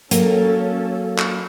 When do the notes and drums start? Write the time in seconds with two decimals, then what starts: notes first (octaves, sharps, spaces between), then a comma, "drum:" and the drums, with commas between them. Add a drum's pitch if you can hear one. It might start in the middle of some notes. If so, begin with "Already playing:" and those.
0.11 F#3 A#3 C#4 A4, drum: hi-hat
1.18 drum: clap